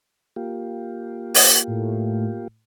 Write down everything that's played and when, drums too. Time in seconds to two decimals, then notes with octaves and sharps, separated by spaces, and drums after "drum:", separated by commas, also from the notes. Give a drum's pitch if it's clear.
0.36 A#3 F4 G4
1.35 drum: open hi-hat
1.67 A2